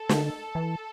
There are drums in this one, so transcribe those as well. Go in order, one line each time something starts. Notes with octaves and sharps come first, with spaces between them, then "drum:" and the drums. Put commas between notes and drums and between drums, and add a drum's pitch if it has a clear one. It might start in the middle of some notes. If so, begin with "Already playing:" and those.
Already playing: A4
D3, drum: snare
E3